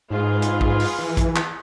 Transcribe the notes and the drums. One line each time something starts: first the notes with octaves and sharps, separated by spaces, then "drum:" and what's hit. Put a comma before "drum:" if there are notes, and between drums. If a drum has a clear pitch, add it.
G#2 F4 G#4 B4
drum: hi-hat
drum: kick
drum: open hi-hat
E3
drum: kick, hi-hat
drum: clap